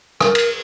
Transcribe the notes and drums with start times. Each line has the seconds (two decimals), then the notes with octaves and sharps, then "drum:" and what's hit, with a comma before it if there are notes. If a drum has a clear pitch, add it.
0.21 A#4, drum: rim click
0.35 drum: cymbal